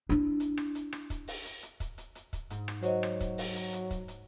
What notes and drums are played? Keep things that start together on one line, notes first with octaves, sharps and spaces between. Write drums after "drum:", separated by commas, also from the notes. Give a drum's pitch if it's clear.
D4 E4
drum: hi-hat
drum: rim click
drum: hi-hat
drum: rim click
drum: kick, hi-hat
drum: open hi-hat
drum: hi-hat
drum: hi-hat
drum: kick, hi-hat
drum: hi-hat
drum: hi-hat
drum: kick, hi-hat
G#2, drum: hi-hat
drum: rim click
F#3 C5 C#5 D#5, drum: hi-hat
drum: rim click
drum: kick, hi-hat
drum: open hi-hat
drum: hi-hat
drum: hi-hat
drum: kick, hi-hat
drum: hi-hat